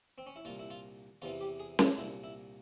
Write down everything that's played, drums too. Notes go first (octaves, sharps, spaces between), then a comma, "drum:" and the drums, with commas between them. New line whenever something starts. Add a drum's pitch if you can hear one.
C4
C#4
E4
C2 A#2 F4
E4
F4
E2 C3 E3 F4
G4
G#4
C#4, drum: snare
C2 A#2 E4
E4